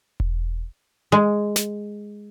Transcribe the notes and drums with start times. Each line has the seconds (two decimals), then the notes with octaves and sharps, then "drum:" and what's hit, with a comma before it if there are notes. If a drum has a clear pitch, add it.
0.20 drum: kick E1
1.12 G#3
1.56 drum: snare